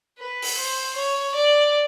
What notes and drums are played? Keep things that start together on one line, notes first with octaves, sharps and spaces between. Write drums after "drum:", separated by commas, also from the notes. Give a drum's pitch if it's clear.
B4
drum: open hi-hat
C5
C#5
D5